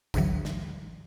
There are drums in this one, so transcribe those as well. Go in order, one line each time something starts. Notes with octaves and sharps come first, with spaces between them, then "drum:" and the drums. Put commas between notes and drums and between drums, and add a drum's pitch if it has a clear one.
D2 G#2 D3 E3 F#3, drum: kick G#1, tambourine
drum: snare